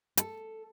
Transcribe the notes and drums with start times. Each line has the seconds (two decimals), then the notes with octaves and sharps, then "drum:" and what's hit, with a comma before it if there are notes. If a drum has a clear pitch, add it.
0.17 A4, drum: hi-hat